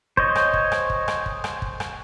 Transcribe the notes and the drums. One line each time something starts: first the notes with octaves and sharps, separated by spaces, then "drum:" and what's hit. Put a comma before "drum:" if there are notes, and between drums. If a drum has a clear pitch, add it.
C5 C#5 D#5, drum: kick
drum: rim click
drum: kick
drum: rim click
drum: kick
drum: rim click
drum: kick
drum: rim click
drum: kick
drum: rim click